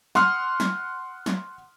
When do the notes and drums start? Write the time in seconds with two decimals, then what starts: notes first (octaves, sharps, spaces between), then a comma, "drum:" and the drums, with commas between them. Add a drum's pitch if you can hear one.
0.15 F#5 C6 D#6 F6, drum: snare
0.60 drum: snare
1.26 drum: snare